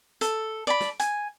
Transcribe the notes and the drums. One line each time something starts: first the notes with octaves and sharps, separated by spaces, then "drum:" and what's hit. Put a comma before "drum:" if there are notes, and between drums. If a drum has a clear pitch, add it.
A4, drum: hi-hat
D5 A5 B5
drum: snare
G#5, drum: hi-hat